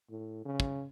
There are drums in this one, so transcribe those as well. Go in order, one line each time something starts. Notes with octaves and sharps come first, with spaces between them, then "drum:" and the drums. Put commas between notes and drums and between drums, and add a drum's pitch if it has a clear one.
A2
C#3
drum: kick